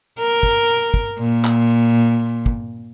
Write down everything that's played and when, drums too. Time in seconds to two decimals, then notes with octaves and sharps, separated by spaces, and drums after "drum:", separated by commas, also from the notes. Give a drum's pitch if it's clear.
0.19 A#4
0.43 drum: kick
0.94 drum: kick
1.19 A#2
1.44 drum: clap
2.46 drum: kick